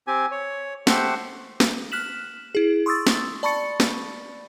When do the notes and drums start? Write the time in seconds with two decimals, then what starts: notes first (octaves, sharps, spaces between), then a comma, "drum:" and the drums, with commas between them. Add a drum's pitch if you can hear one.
0.07 C4 G4 G#5
0.31 C#5
0.87 A3 G4 C5 F#5, drum: snare
1.60 drum: snare
1.92 F6 F#6 B6 E7 F#7
2.55 E4 G#4
2.86 C6 C#6 D#6 E6 A6
3.07 drum: snare
3.43 D5 A5 B5 C#6 A6 C#7
3.80 drum: snare